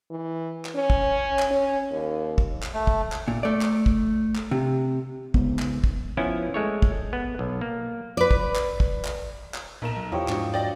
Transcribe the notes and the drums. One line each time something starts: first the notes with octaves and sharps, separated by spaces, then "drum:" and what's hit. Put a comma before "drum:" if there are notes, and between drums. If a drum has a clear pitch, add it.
E3
drum: clap
C#4
drum: kick
drum: clap
C#4
D#2
drum: kick
drum: clap
A3
drum: kick
drum: clap
A#2
A3 D5
drum: clap
drum: kick
drum: clap
C3
C#2 B3, drum: kick
drum: clap
drum: kick
F3 B3 C#4 E4
G#3 A3 C#5
drum: kick
B3
B1
A#3
B4 D5
drum: kick
drum: clap
drum: kick
drum: clap
drum: clap
B1 A#2 A#4 E7
F#3
E2 F3 E4 G4 C#5 G5
G#2 D4 F#4 D5 D#5 C#6, drum: clap
D5 D#5 G5